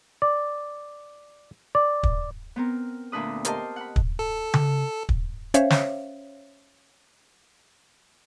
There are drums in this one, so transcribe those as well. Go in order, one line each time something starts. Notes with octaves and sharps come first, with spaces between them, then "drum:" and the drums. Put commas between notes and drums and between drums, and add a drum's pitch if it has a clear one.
D5
D5
drum: kick
B3 C4 A#4
D2 A#2 D4 B4 D#6
G4 A#4 C5 D#5 A5 C6, drum: hi-hat
F#5 B5
drum: kick
A4
drum: tom C#3
drum: kick
C#4 C5 C#5 E5 F5, drum: hi-hat
drum: snare